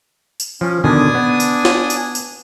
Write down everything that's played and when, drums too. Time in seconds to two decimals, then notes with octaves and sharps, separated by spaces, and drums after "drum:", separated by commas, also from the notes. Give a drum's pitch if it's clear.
0.40 drum: tambourine
0.61 F3 C#4
0.84 B2 D3 D#3 D4 G#5 D#6
1.15 B3
1.40 drum: tambourine
1.65 drum: snare
1.90 drum: tambourine
2.15 drum: tambourine